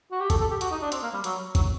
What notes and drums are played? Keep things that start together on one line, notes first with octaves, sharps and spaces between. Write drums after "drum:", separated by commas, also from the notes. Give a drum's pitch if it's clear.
F#4
G4
A4, drum: kick, hi-hat
A4
G4
F#4, drum: hi-hat
D#4
D4
C4, drum: hi-hat
A#3
G3
F#3, drum: hi-hat
F#3, drum: kick, hi-hat